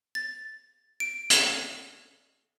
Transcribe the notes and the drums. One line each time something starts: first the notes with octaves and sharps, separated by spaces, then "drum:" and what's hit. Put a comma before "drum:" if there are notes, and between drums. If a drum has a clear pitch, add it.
A6
D7
drum: hi-hat